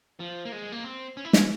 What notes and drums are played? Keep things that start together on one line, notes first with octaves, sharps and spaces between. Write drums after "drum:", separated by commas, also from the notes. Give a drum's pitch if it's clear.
F3
A#3
G#3
A#3
C4
C#4
E4
C#4, drum: snare